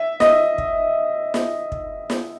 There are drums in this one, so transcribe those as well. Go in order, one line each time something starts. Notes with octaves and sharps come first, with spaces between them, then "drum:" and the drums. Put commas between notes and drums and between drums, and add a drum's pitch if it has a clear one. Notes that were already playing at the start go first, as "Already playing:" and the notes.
Already playing: E5
D#5, drum: snare
drum: kick
drum: snare
drum: kick
drum: snare